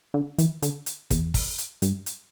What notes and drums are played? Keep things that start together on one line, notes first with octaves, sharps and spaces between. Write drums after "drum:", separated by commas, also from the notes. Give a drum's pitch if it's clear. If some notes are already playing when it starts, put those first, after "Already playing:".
D3
E3, drum: hi-hat
D3, drum: hi-hat
drum: hi-hat
E2, drum: kick, hi-hat
drum: kick, open hi-hat
drum: hi-hat
G2, drum: hi-hat
drum: hi-hat